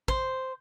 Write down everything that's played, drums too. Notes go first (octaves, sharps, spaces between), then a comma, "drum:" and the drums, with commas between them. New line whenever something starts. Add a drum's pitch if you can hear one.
C5, drum: kick